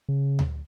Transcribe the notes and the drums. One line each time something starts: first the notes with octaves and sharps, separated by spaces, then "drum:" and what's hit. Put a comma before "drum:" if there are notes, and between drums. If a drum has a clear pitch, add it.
C#3
drum: tom D2